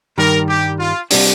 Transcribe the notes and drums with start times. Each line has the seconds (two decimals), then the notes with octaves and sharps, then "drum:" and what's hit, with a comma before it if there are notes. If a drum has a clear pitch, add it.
0.18 G2 D#3 G3 A#4
0.49 G4
0.80 F4
1.11 C3 G3 D4, drum: open hi-hat